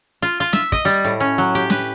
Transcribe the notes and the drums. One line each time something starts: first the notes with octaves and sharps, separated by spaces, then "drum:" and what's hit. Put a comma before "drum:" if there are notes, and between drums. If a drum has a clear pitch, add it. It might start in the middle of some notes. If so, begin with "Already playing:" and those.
F4
F4
E5, drum: snare
D#5, drum: kick
G3
A2
C#4
F#3
G4
B4, drum: snare